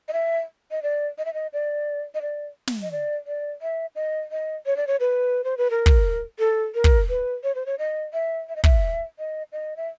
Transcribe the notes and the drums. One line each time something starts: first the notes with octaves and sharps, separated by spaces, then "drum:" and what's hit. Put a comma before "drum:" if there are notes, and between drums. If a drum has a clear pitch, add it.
D#5
E5
D#5
D5
D#5
E5
D#5
D5
D#5
D5
drum: snare
D#5
D5
D5
E5
D#5
D#5
C#5
D5
C#5
B4
C5
B4
A#4
drum: kick
A4
A#4
drum: kick
B4
C#5
C5
C#5
D#5
E5
E5
D#5
E5, drum: kick
D#5
D#5
E5